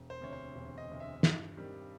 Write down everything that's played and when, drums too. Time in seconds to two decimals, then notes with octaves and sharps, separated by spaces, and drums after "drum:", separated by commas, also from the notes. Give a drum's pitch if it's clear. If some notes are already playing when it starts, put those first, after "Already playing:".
Already playing: E1
0.10 C5
0.21 D2 C3 C#5
0.33 C5
0.55 E1
0.78 D#5
0.89 D2 C3
1.00 E5
1.23 G2, drum: snare
1.57 D#3 G3 C4